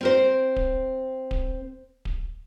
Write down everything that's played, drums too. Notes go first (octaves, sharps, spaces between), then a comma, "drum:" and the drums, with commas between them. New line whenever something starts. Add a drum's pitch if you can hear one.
C4 A#4 C5
drum: kick D1
drum: kick D1
drum: kick D1